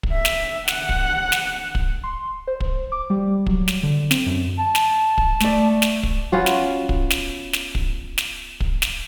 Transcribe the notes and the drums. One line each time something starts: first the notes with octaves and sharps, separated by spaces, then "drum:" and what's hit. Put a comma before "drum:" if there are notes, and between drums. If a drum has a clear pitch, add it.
drum: kick
E5
drum: snare
F#5, drum: snare
drum: kick
drum: snare
drum: kick
C6
C5
drum: kick
D6
G3
F#3, drum: kick
drum: snare
D3
C4, drum: snare
F#2
A5
drum: snare
drum: kick
A3 D5, drum: snare
drum: snare
drum: kick
B3 C#4 F4 F#4
drum: snare
drum: kick
drum: snare
drum: snare
drum: kick
drum: snare
drum: kick
drum: snare